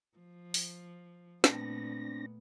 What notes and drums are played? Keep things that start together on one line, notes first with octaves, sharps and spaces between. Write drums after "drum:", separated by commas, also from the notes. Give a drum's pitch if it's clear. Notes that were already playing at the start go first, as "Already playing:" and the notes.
F3
drum: open hi-hat
A#2 A3 B3 C4 D4 A#6, drum: snare